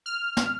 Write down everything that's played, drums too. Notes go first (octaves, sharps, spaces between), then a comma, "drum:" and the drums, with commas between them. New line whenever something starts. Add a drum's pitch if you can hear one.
F6
drum: snare